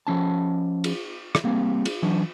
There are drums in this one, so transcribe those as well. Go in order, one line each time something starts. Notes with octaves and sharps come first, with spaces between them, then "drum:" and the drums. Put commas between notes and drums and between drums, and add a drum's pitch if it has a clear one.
F3 C#4 A5
drum: cymbal
drum: rim click
G3 A#3 C4
drum: cymbal
E3 F#3 D4